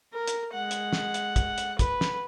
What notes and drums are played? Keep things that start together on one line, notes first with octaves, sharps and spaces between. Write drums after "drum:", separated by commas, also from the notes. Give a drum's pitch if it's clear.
A#4
drum: hi-hat
G#3 F#5
drum: hi-hat
drum: snare
drum: hi-hat
drum: kick, hi-hat
drum: hi-hat
B4, drum: kick, hi-hat
drum: snare